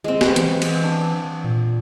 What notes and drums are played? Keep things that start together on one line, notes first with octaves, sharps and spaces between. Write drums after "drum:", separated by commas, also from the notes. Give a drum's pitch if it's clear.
G#3 C4
drum: snare
E3 F#5, drum: hi-hat
drum: cymbal
D4
A#2